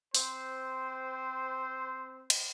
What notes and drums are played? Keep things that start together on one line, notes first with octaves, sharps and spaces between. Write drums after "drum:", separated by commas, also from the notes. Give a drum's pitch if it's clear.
C4 C5, drum: open hi-hat
drum: cymbal